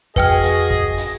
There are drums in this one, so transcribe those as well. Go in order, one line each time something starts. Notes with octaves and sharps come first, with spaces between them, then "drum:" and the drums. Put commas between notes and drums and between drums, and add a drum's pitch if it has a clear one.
F2 F#4 G#4 B4 D#5 G5 F6, drum: kick
drum: hi-hat
drum: kick
drum: hi-hat